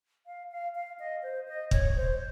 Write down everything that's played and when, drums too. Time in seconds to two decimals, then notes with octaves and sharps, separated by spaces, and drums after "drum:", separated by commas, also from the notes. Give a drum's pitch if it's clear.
0.26 F5
0.51 F5
0.75 F5
0.99 D#5
1.23 C5
1.48 D#5
1.71 C#5, drum: kick
1.97 C5